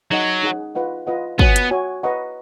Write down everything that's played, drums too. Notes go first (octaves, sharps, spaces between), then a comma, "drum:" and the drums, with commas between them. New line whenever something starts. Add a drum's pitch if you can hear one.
F#3 D#4 G#4 D#5 F#5
D#4 G#4 D#5 F#5
F4 B4 D#5 F#5
F4 B4 D#5 F#5
B3 F#4 C#5 G#5, drum: kick
drum: hi-hat
F#4 C#5 G#5
B4 D#5 F#5 A#5 C#6